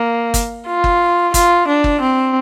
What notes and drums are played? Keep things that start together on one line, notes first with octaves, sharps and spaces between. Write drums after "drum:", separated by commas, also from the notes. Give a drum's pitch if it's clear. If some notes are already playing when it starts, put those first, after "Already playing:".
Already playing: A#3
drum: kick G1, hi-hat
F4
drum: kick G1
F4, drum: kick G1, hi-hat
D4
drum: kick G1
C4